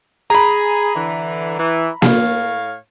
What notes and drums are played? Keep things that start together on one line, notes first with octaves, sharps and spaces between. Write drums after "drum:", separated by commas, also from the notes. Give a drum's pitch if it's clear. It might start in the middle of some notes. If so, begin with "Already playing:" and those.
G#4 A#5 B5
D3 E3
E3
A2 C#5 F5, drum: snare A#3